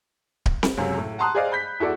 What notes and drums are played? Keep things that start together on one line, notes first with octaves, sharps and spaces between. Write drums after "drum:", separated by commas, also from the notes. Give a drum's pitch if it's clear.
drum: kick D1
drum: snare C4
C#2 F#2 C3 F#3
A2
F#5 A5 A#5 C6 D#6 F#6
G#4 C5 D5 D#5 F5
B5 G6 B6
E2 E4 F#4 A4 D5